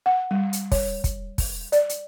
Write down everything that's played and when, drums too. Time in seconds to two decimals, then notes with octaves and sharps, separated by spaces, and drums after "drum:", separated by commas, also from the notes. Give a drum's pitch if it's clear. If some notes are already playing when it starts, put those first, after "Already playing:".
0.06 F#5
0.31 G3
0.53 drum: hi-hat
0.72 C#5, drum: kick, open hi-hat
1.04 drum: kick, hi-hat
1.38 drum: kick, open hi-hat
1.72 D5, drum: hi-hat
1.89 drum: hi-hat